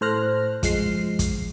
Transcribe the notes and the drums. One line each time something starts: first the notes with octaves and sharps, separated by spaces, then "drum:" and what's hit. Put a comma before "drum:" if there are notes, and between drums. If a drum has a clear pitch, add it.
A2 A4 C5 F6 F#6 A#6
F3 G#3 C7, drum: kick, hi-hat
drum: kick, hi-hat